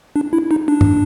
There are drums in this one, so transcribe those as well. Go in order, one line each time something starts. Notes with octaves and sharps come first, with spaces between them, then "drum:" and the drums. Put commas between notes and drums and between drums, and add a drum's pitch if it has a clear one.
D4
E4
D#4
D4
drum: tom G2